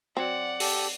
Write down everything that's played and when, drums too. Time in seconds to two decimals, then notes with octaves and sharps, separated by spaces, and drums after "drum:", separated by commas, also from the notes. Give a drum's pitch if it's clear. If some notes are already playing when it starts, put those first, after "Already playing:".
0.17 F#3 C4 D5 F#5
0.60 G4 A4, drum: open hi-hat